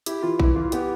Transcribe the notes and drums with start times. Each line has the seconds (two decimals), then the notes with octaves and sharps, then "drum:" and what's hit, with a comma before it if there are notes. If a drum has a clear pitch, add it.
0.06 E4 G4, drum: hi-hat
0.23 E3 F4
0.40 E3 E4, drum: kick A#1
0.56 E3 F4
0.72 B3 G4, drum: hi-hat